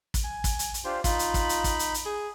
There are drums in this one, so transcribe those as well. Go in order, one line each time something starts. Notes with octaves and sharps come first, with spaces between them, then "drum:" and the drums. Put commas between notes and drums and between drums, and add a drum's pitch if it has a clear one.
drum: kick, hi-hat
G#5
drum: kick, hi-hat
drum: hi-hat
drum: hi-hat
D4 F4 G4 C5
D#4 F4 B5, drum: kick, hi-hat
drum: hi-hat
drum: kick, hi-hat
drum: hi-hat
drum: kick, hi-hat
drum: hi-hat
drum: hi-hat
G#4